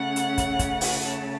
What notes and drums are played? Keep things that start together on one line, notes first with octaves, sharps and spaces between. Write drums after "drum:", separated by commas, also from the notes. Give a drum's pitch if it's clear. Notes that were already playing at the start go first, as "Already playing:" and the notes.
Already playing: C#3 A3 C#4 F#5
drum: hi-hat
drum: kick, hi-hat
drum: kick, hi-hat
drum: open hi-hat
A5